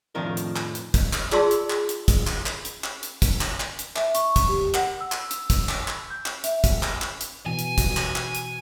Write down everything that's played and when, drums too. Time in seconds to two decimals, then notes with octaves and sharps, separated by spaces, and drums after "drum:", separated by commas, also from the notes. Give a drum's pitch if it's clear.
0.15 F2 A2 D#3 F3 D4 A#4
0.37 drum: hi-hat
0.56 drum: clap
0.75 drum: hi-hat
0.94 drum: kick, hi-hat
1.13 drum: clap
1.32 F4 G#4 D5 A5 C6 E6, drum: clap
1.51 drum: hi-hat
1.70 drum: clap
1.89 drum: hi-hat
2.08 drum: kick, hi-hat
2.27 drum: clap
2.46 drum: clap
2.65 drum: hi-hat
2.84 drum: clap
3.03 drum: hi-hat
3.22 drum: kick, hi-hat
3.41 drum: clap
3.60 drum: clap
3.79 drum: hi-hat
3.96 E5, drum: clap
4.15 C#6, drum: hi-hat
4.36 drum: kick, hi-hat
4.49 G4
4.74 F#5, drum: clap
5.01 E6
5.12 drum: clap
5.31 drum: hi-hat
5.50 drum: kick, hi-hat
5.69 drum: clap
5.88 drum: clap
6.10 G6
6.26 drum: clap
6.44 E5, drum: hi-hat
6.64 drum: kick, hi-hat
6.83 drum: clap
7.02 drum: clap
7.21 drum: hi-hat
7.46 B2 E3 G#5
7.59 drum: hi-hat
7.78 drum: kick, hi-hat
7.97 drum: clap
8.16 drum: clap
8.35 drum: hi-hat